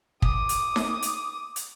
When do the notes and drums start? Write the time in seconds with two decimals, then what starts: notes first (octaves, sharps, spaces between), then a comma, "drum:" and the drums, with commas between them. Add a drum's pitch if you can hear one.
0.22 D6 D#6, drum: kick
0.49 drum: hi-hat
0.76 drum: snare D#4
1.02 drum: hi-hat
1.56 drum: hi-hat